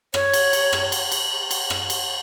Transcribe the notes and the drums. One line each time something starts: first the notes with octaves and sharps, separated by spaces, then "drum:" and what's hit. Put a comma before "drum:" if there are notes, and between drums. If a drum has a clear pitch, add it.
C#5, drum: rim click
drum: cymbal
drum: cymbal
drum: rim click
drum: cymbal
drum: cymbal
drum: cymbal
drum: rim click
drum: cymbal